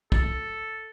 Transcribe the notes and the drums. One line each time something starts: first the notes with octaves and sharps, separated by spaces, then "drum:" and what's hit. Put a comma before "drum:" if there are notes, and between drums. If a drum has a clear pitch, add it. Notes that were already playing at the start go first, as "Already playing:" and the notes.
A4, drum: kick